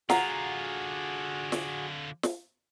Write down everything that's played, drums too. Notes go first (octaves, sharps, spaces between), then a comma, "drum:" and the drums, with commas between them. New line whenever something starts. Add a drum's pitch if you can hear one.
D3 F4 F#4 G#4 F5 F#5 A#5, drum: snare
drum: snare
drum: snare